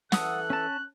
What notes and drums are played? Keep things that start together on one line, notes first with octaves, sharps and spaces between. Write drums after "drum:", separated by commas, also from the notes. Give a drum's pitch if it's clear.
E3 A4 F#5 D#6 F#6, drum: snare
C#4 A5